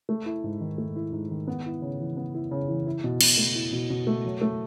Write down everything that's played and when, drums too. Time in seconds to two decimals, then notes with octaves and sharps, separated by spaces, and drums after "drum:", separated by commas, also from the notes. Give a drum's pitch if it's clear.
0.09 A3
0.26 E4
0.44 G#2
0.61 D#3
0.78 A3
0.96 E4
1.13 G#2
1.31 D#3
1.47 B3
1.65 E4
1.82 C#3
2.00 E3
2.17 B3
2.34 E4
2.51 C#3
2.68 E3
2.86 E4
3.04 B2
3.21 B2, drum: cymbal
3.37 A3
3.55 E4
3.73 B2
3.90 B2
4.07 A3
4.25 F#3
4.41 A3